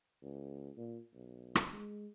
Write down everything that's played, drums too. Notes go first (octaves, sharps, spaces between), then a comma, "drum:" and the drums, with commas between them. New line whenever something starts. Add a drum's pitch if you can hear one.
C#2
A#2
B1
drum: rim click
G#3